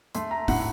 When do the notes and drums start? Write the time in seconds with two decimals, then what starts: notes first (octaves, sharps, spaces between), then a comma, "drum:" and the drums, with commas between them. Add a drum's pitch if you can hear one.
0.15 A3 C6, drum: hi-hat
0.31 A#5
0.48 A2 F#5, drum: kick, open hi-hat